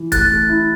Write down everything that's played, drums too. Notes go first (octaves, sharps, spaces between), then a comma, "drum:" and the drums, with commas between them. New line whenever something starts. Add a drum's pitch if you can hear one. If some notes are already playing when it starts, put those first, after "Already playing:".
Already playing: E3
A3 F#6 A6, drum: kick C#1, hi-hat
A3
E4